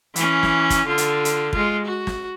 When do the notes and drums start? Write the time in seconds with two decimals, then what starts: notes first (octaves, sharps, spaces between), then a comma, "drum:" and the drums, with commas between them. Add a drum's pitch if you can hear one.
0.16 E3 C#4, drum: hi-hat
0.43 drum: snare
0.70 drum: kick, hi-hat
0.86 D3 F4
0.98 drum: hi-hat
1.25 drum: hi-hat
1.53 G#3 F4, drum: kick
1.86 F#4
2.07 drum: snare